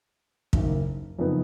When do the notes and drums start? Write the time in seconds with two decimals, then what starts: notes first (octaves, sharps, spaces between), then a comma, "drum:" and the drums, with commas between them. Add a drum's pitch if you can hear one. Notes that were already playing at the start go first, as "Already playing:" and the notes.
0.53 F#1 F#2 D#3 A#3, drum: kick
1.18 F#1 F2 F3 B3 D#4